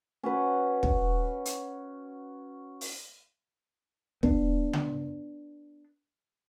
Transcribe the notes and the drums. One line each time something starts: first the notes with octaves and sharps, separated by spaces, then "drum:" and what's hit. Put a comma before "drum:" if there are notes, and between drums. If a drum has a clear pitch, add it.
C#4 F#4 B4
drum: kick
drum: hi-hat
drum: open hi-hat
B3 D4, drum: kick
drum: tom C#3